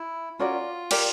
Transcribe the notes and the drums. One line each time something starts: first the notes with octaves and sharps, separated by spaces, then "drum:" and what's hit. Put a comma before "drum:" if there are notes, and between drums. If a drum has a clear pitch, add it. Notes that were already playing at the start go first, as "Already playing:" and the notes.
Already playing: E4
C#4 F4 F#4 A#4 D5
G4 A#4 D5, drum: cymbal